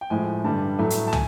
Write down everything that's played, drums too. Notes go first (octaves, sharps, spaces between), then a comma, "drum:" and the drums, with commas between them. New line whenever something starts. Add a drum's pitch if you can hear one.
G5
A2 F3 G#3 G#5
G2 D3 G3 A5
A2 F#3 A3
drum: hi-hat
A5
G#5, drum: tom